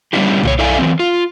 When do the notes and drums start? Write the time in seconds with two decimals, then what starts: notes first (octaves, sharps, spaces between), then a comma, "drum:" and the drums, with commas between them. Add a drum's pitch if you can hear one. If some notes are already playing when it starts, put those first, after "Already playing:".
0.13 G3 B3 C#4 D4 E4 G4
0.43 A#2 F#4 C#5, drum: tom B1
0.59 E4 A4 D5 E5 F5 G#5
0.79 E3 F#3 G3 C4
1.00 F4